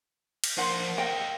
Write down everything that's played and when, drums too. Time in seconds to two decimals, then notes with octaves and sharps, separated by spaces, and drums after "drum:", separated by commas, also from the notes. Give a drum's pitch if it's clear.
0.44 drum: cymbal
0.58 F3 D4 A#4 C5 F#5
0.98 D#5 F5 G5